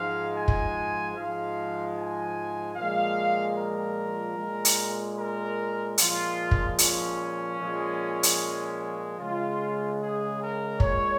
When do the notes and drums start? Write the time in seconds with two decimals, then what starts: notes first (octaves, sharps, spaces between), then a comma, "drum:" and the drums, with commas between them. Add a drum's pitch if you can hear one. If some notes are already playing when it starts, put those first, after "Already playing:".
Already playing: G#2 F3 G#3 F5
0.35 G#5
0.48 drum: kick
1.15 G#2 F3 G#3 F5
1.95 G#5
2.76 A#2 F3 G#3 F5
3.56 A#4
4.37 A#2 G#3
4.65 drum: hi-hat
5.17 A#4
5.98 A#2 F3 G#3 F4, drum: hi-hat
6.51 drum: kick
6.78 C#4, drum: hi-hat
7.59 A#2 F3 G#3
8.23 drum: hi-hat
9.19 C#3 G#3 F4
10.01 G#4
10.40 A#4
10.80 A#2 G#3 C#5, drum: kick